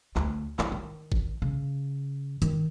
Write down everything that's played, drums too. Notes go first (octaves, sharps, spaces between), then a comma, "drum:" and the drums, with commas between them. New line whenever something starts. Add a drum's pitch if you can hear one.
D2, drum: clap
E4, drum: clap
D#3
drum: kick
C#3
D#3, drum: hi-hat